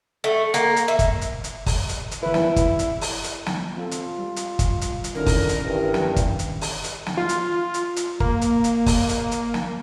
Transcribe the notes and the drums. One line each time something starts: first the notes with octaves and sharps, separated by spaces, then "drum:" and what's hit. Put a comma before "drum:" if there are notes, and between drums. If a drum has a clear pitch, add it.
A3
A#3, drum: hi-hat
drum: hi-hat
E5
drum: kick G1, hi-hat
drum: hi-hat
drum: hi-hat
drum: kick G1, open hi-hat
drum: hi-hat
drum: hi-hat
E3 E4 B4
drum: snare
drum: kick G1, hi-hat
drum: hi-hat
drum: open hi-hat
drum: hi-hat
drum: snare
C4 F4 A4
drum: hi-hat
G3
drum: hi-hat
drum: kick G1, hi-hat
drum: hi-hat
drum: hi-hat
D3 D#3 C#4 E4 A#4
drum: kick G1, open hi-hat
drum: hi-hat
G2 E3
drum: snare
drum: kick G1, hi-hat
drum: hi-hat
drum: open hi-hat
drum: hi-hat
drum: snare
F4
drum: hi-hat
drum: hi-hat
drum: hi-hat
A#3, drum: kick G1
drum: hi-hat
drum: hi-hat
drum: kick G1, open hi-hat
drum: hi-hat
drum: hi-hat
drum: snare